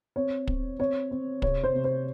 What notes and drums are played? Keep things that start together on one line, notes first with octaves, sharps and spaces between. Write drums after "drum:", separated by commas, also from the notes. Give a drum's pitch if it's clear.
C4 C#5
C4, drum: kick
C4 C#5
C4
C3 C#5, drum: kick
C5
C3
C5